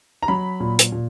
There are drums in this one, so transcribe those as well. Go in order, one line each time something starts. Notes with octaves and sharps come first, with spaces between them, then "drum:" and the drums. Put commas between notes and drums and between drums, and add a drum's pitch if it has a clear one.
A#5
F#3 B5
A#2
drum: hi-hat
A#2